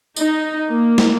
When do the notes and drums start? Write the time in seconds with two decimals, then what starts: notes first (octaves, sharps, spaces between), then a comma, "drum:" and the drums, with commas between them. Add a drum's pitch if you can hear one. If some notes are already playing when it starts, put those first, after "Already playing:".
0.16 D#4, drum: tambourine
0.70 A#3
0.98 drum: snare